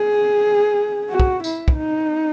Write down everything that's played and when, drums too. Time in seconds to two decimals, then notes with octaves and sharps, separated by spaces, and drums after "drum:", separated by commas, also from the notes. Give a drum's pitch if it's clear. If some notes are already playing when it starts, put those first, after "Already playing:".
Already playing: G#4
1.10 F#4
1.20 drum: kick
1.44 E4, drum: tambourine
1.68 drum: kick
1.77 D#4